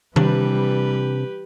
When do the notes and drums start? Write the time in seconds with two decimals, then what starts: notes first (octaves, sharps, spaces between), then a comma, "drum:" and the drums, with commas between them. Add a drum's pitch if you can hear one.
0.16 C3 E3 G3 D4 G4 B4, drum: tom D#3